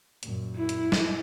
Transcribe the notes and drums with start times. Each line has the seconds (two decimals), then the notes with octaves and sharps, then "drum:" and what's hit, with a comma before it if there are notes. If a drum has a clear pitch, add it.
0.23 F#2 A#2, drum: hi-hat
0.57 E4
0.69 drum: hi-hat
0.92 drum: snare